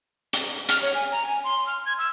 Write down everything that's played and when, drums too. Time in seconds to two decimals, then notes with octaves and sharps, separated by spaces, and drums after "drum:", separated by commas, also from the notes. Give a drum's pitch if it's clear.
0.33 drum: hi-hat
0.69 F6, drum: hi-hat
0.82 C#5
0.95 G#5
1.12 A#5
1.26 G#5
1.44 C6
1.67 F6
1.86 G#6
1.98 E6